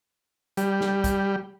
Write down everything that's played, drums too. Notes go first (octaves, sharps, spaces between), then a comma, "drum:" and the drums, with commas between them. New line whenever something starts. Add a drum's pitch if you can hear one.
G3, drum: hi-hat
drum: snare
drum: kick A1, hi-hat